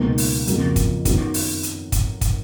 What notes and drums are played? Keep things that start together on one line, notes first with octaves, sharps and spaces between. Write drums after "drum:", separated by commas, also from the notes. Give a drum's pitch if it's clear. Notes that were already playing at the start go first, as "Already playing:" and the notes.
Already playing: C#2 B2 F#3 A#3 D#4
drum: open hi-hat
F2 C#3 F#3 A#3, drum: hi-hat
drum: kick, hi-hat
F#2 D#3 F#3 B3, drum: kick, hi-hat
drum: open hi-hat
drum: hi-hat
drum: kick, hi-hat
drum: kick, hi-hat